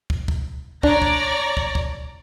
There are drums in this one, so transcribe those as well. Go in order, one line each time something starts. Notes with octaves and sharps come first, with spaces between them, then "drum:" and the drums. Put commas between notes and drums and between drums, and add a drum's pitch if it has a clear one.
drum: kick
drum: kick
D4 C#5 D5 A#5, drum: kick
drum: kick
drum: kick
drum: kick